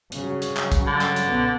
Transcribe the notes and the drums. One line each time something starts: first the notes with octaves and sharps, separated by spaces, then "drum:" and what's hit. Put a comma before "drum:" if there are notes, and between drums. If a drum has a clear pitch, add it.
G2 C#3 F#3, drum: hi-hat
drum: hi-hat
drum: clap
drum: kick, hi-hat
D3
drum: clap
drum: hi-hat
A#1 B3